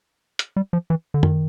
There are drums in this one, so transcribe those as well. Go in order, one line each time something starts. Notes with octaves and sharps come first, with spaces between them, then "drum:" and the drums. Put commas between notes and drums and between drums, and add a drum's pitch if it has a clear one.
drum: hi-hat
G3
F3
E3
D3
D#3, drum: tom F#2